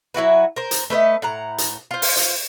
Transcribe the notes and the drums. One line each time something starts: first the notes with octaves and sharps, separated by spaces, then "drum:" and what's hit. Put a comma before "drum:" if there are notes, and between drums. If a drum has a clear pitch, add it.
F#3 E4 F#4 B4
A#4 C5
drum: hi-hat
A3 B4 C5 D#5
A2 F#5 A#5
drum: hi-hat
F4 C5
drum: open hi-hat
drum: hi-hat